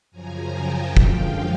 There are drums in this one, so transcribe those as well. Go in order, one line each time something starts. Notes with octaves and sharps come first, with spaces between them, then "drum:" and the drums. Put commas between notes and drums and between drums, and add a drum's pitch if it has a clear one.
F#2 C#3 F3 G#5 A#5
G5 A5
F#2 D3 F3 G#3 F5 G5, drum: kick